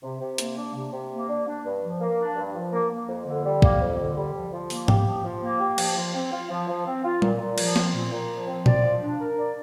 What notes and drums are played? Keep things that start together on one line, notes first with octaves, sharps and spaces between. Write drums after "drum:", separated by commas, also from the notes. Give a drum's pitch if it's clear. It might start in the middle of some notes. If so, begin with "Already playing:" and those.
C3
C3
A#3, drum: hi-hat
D4
C3
C3
A#3
D4
D4
G2
F3
A#3
D4
G2
F3
A#3
A#3
F2
D3
G3
A#3, drum: kick
F2
D3
G3
F3
F3
A#3, drum: open hi-hat
G4, drum: tom G#2
F3
F3
A#3
G4
F3, drum: cymbal
F3
C4
F4
F3
F3
C4
F4
A#2, drum: tom
A#2
F3, drum: cymbal
C4, drum: snare
A#2
A#2
F3
C4
D5, drum: tom A#2
F3
D4
A#4
D5